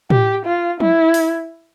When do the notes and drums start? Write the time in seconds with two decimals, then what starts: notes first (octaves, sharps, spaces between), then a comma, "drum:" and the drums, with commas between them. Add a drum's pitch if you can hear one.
0.10 G4, drum: tom A2
0.46 F4
0.80 E4, drum: tom F3
1.14 drum: open hi-hat